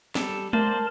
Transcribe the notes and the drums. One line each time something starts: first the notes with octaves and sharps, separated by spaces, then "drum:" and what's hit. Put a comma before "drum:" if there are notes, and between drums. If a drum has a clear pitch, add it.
G3 A4, drum: snare
A#3 A#4 C5 D5 A5, drum: tom G#3